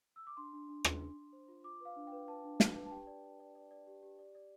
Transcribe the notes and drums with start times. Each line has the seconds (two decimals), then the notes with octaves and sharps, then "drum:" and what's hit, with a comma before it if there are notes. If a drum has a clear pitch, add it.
0.16 E6
0.27 D6
0.37 D4 C6
0.53 D4
0.69 D4
0.84 D4, drum: rim click
1.01 D4
1.16 D4
1.33 C5
1.48 F4
1.64 F4 D6
1.80 B4 F5
1.96 D4
2.07 G5
2.12 B4
2.28 B4 A5
2.44 D4
2.60 D4, drum: snare
2.76 B4
2.86 A5
2.91 G4 G5
3.07 D5
3.24 D5
3.40 D5
3.55 D5
3.71 D5
3.87 G4
4.03 G4
4.19 D5
4.35 D5